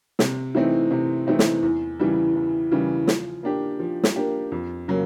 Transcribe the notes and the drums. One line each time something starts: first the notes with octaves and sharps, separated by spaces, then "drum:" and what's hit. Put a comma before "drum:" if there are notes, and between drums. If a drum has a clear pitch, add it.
C3, drum: snare
E3 A3 C4 D#4
C3
E3 A3 C4 D#4
drum: snare
E2
C#3 E3 G3
E2
C#3 E3 G3
F3, drum: snare
A#3 D4 G4
F3
drum: snare
A#3 D4 G4
F2
C#3 F#3 A#3